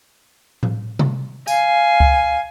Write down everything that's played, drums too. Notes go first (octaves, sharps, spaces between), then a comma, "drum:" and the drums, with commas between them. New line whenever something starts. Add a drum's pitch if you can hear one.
drum: tom A2
drum: tom C3
F5 G#5, drum: tambourine
drum: kick C#2